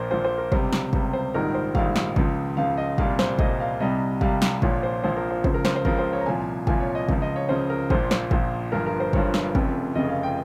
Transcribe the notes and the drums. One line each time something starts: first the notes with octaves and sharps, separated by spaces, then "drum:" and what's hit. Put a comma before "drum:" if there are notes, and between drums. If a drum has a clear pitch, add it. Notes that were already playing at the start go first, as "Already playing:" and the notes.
Already playing: A#1 A#2 F3 A#4 C5
A#1 A#2 F3 C5
C5
A#4
C#2 C3 G3 C5, drum: kick
drum: snare
C#2 C3 G3, drum: kick
C5
A#1 G#2 D#3 G3 A#4
C5
A#1 G#2 D#3 G3 F5, drum: kick
drum: snare
C#2 C#3 F3, drum: kick
C#2 C#3 F3 F5
D#5
C2 A#2 G3 F5, drum: kick
C5, drum: snare
C2 A#2 G3 D#5, drum: kick
F5
C2 C3 G3 D#5
C2 C3 G3 F5, drum: kick
drum: snare
A#1 A#2 F3 C#5, drum: kick
C5
A#1 A#2 F3 C5
A#4
C5
C#2 C#3 F3 C5, drum: kick
A#4
C5, drum: snare
C5
C#2 C#3 F3 A#4, drum: kick
C5
C#5
A#5
C2 A#2 F3 G#5
C2 A#2 F3 G#5, drum: kick
C#5
D#5
C#2 C#3 F3 F5, drum: kick
D#5
C#5
C#2 C#3 F3 C5
A#4
A#1 A#2 F3 C5, drum: kick
C5, drum: snare
A#1 A#2 F3, drum: kick
G1 G2 F3 A#4
A#4
C5
G1 G2 F3 C#5, drum: kick
drum: snare
F1 F2 C#3, drum: kick
F1 F2 C#3 D#5
F5
G5